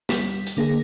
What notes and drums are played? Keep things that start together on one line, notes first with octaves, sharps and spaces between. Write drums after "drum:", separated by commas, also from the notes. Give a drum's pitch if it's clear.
G3 B6, drum: snare
drum: hi-hat
D3 A#3 G#4 A#6